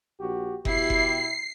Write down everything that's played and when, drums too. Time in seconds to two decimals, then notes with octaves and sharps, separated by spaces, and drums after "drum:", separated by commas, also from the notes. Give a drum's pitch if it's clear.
0.20 A#1 F#4 G4
0.65 B2 E4 G4 C7, drum: kick F#1
0.90 drum: kick F#1